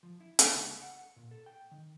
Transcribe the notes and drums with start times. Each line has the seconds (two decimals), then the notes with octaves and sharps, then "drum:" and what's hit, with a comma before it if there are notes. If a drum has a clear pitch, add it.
0.03 F3
0.21 E4
0.39 G#4, drum: hi-hat
0.52 C#2
0.82 F#5
1.16 A#2
1.31 A4
1.46 G5
1.71 D#3